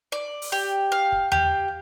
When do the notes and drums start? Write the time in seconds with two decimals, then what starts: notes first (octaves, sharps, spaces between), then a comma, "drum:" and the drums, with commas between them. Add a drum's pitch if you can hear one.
0.12 D5
0.42 drum: open hi-hat
0.52 G4
0.92 F5
1.12 drum: kick
1.32 G4, drum: tom E2